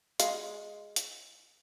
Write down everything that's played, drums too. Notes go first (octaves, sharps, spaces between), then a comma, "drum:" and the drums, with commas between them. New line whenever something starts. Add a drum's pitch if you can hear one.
G#3 F5, drum: hi-hat
drum: hi-hat